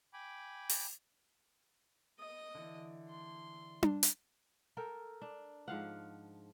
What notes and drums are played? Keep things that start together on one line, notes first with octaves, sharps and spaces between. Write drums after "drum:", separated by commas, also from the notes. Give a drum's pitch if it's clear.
G5 G#5 B5 D6
drum: open hi-hat
D#5 D#6
D3 E3
C6
drum: tom D4
drum: hi-hat
A4 A#4 G5
D4
G#2 F3 F5 F#5